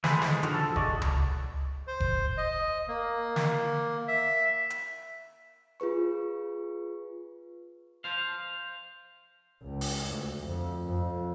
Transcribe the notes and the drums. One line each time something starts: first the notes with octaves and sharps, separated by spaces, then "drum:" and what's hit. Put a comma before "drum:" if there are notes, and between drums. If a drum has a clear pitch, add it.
A3 G#4 B4 C5, drum: snare
G#3, drum: snare
D3 F3 F#4 A#4, drum: hi-hat
A4
G#4 D5 D#5 C#6 D6, drum: kick F1
F#4
drum: tom C#2
C5
drum: kick F1
D#5
A#3
drum: snare
E5
drum: hi-hat
F4 G#4 B4 C#6
C5 F5
C#2
drum: open hi-hat
D2
F2
F2